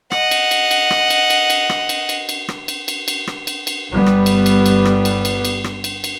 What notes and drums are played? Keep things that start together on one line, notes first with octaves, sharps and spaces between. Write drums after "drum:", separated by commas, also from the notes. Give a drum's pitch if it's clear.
D#5 F#5, drum: rim click
drum: cymbal
drum: cymbal
drum: cymbal
drum: rim click
drum: cymbal
drum: cymbal
drum: cymbal
drum: rim click
drum: cymbal
drum: cymbal
drum: cymbal
drum: rim click
drum: cymbal
drum: cymbal
drum: cymbal
drum: rim click
drum: cymbal
drum: cymbal
G1 G3 B3
drum: rim click
drum: cymbal
drum: cymbal
drum: cymbal
drum: rim click
drum: cymbal
drum: cymbal
drum: cymbal
drum: rim click
drum: cymbal
drum: cymbal